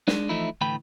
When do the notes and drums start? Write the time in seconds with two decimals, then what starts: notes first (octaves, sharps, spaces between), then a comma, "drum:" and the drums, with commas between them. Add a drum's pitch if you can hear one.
0.08 G#3 D4, drum: snare
0.29 E3 F3 A3 D#4 E4
0.61 D2 A2 E3 G5 B5